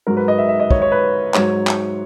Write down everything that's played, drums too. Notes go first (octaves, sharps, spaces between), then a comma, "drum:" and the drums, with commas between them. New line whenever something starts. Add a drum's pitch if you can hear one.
G#2 F#3 A#4
B4
D#5
E5
E5
D#5
C#5, drum: kick
C#5
B4
G#2 F#3 C#5, drum: clap
drum: clap